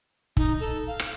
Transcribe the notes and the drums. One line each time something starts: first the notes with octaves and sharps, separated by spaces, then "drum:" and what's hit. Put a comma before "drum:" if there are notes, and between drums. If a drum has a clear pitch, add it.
D#4, drum: kick
A4
F5
drum: rim click